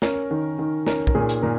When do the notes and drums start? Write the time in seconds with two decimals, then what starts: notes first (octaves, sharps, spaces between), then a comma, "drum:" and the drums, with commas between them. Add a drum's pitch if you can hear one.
0.02 C#4 A#4, drum: snare
0.31 D#3
0.59 D#3
0.86 C#4 A#4, drum: snare
1.07 A#4, drum: kick
1.15 A#2 G#4
1.29 drum: hi-hat
1.42 A#2 A#4